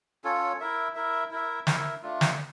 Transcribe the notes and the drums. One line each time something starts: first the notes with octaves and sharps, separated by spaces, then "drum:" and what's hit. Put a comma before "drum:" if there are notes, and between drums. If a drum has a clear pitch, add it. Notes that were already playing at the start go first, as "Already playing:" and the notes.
C#4 F4 A4 C#5
E4 A#4 E5
E4 A#4 E5
E4 A#4 E5
E4 A#4 E5, drum: snare
A3 D4 F4
drum: snare